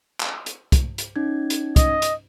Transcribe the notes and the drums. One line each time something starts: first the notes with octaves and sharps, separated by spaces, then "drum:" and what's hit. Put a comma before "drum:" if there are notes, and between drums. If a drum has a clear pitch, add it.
drum: clap
drum: hi-hat
drum: kick, hi-hat
drum: hi-hat
C#4 D#4 G#6
drum: hi-hat
D#5, drum: kick, hi-hat
drum: hi-hat